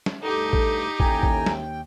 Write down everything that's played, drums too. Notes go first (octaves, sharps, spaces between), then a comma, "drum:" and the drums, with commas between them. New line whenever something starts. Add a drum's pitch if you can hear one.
drum: snare
D2 G2 D#4 G4 A4
drum: kick
D#2 C#4 E4 A4 G5 G#5 A#5, drum: kick
drum: kick
drum: snare